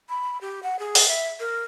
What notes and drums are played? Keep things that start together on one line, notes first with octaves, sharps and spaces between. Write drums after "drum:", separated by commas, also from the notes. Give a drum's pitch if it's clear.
B5
G4
F#5
G#4
drum: open hi-hat
E5
A#4